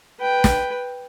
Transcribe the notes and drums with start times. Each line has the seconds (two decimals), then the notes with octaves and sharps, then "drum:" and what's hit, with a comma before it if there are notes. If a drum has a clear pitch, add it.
0.20 B4 G5
0.44 drum: snare